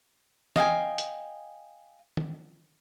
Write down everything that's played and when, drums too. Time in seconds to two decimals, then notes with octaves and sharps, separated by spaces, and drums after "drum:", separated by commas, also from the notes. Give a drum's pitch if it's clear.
0.56 D#5 F5 G5 G#5, drum: snare
0.98 drum: hi-hat
2.17 drum: tom